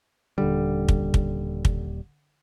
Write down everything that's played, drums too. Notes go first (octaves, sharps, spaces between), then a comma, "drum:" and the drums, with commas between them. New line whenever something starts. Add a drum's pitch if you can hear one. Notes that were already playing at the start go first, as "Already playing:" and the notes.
D#1 D3 G3
drum: kick
drum: kick
drum: kick